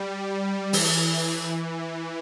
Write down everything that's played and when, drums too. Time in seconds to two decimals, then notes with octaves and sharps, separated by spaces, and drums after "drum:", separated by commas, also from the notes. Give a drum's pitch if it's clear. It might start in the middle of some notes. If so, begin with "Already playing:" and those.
Already playing: G3
0.73 E3, drum: open hi-hat